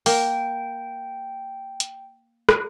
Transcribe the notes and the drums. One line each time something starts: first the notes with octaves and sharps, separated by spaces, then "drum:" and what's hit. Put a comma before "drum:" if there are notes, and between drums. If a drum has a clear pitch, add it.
A#3 G5, drum: open hi-hat
drum: hi-hat
drum: rim click